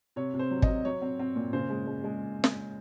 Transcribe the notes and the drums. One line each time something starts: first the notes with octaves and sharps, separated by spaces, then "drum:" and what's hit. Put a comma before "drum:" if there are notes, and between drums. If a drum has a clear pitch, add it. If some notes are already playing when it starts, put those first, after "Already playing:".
C3 C#5
C3
C5
F#3
D#5, drum: kick
C3
F#3 C#5
C4
C4
A#2
C#3 C5
G#3
G#3
G#3
drum: snare